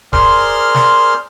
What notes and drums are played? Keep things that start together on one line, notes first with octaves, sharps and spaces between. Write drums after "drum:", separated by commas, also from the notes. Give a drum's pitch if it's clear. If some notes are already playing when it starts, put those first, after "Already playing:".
G#4 A#4 C5 D5 C6 F6, drum: kick
drum: snare